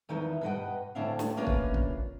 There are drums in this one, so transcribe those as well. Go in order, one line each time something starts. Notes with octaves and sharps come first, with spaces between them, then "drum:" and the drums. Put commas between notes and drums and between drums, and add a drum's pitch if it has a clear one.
E2 D#3 F3 D#4 E4 B4
G2 B2 B4 D#5 F#5 G5
D2 A2 C#4 D4 E5 F5
drum: snare
A#3 C#4 D4 F4 A#4 B4
drum: kick
drum: kick